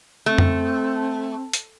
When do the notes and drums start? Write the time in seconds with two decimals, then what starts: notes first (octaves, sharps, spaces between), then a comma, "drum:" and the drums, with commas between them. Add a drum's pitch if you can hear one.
0.26 A3 C4
0.38 drum: tom F2
1.53 drum: hi-hat